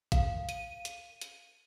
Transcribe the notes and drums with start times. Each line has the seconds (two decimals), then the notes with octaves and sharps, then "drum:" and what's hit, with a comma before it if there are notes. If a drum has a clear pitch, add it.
0.12 F5, drum: kick A#1, hi-hat
0.49 D#7, drum: hi-hat
0.85 drum: hi-hat
1.21 drum: hi-hat